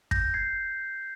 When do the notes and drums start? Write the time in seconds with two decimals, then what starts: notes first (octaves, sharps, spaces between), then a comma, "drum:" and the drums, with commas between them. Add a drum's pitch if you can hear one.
0.11 G6 A#6, drum: kick
0.34 G#6 C7